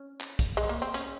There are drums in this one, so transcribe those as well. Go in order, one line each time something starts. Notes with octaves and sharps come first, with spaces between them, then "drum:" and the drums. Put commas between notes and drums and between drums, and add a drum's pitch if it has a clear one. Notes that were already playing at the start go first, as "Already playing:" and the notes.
Already playing: C#4
drum: clap
drum: kick, hi-hat
G#3, drum: open hi-hat
A#3
C4
C#4, drum: hi-hat